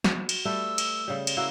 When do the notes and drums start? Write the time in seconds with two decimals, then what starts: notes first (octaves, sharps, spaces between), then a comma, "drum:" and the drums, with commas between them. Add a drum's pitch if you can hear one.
0.04 F#4, drum: snare
0.29 drum: cymbal
0.45 G3 A3 B4 E6
0.78 drum: cymbal
1.08 C#3 G3
1.27 drum: cymbal
1.37 A#3 E4 F#4 E6